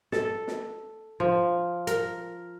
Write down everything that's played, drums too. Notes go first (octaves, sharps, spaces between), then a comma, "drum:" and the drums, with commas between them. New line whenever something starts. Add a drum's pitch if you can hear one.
A4, drum: snare
drum: snare
F3
A#4, drum: hi-hat